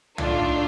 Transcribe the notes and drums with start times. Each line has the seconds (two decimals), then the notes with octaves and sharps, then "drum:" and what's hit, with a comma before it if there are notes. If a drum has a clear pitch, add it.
0.18 A2 A3 D4 D#4 F4 A4 D5, drum: tom